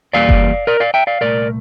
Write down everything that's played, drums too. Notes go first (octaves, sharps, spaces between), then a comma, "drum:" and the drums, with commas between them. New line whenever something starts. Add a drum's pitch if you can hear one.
E2 E3 G3 A#3 D5 F5
drum: kick F#1
A#4 D5
D5 F5
E5 G5
D5 F5
C2 A#2 A3 A#4 D5